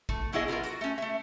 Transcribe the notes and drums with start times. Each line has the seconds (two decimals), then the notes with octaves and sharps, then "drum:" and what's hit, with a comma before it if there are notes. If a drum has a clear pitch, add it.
0.09 A3, drum: kick G#1
0.32 B2 F#3 B3 E4 G#4 D#5
0.48 B3 F4 G4 A#4
0.63 F#4, drum: hi-hat
0.81 A3 C#4
0.98 A3 E5